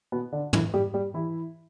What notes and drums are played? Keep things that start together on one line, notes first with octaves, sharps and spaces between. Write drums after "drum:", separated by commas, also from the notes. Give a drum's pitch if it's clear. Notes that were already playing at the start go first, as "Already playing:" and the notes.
B2 B3
D3 D4
E3 E4, drum: tom
G3 G4
G3 G4
E3 E4